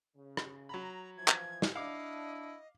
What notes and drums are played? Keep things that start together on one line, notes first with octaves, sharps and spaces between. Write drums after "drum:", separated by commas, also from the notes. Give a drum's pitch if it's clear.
C#3
drum: rim click
F#3 A#5 B5
E3 F3 G#6
drum: clap
drum: snare
D4 E4 D#5 F5 D6